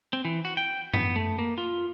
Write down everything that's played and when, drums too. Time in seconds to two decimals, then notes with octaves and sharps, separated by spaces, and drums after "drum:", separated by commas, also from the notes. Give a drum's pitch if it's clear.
0.13 C4
0.25 E3
0.45 F#4
0.57 G5
0.94 B3, drum: tom F#2
1.16 A3
1.39 A#3
1.58 F4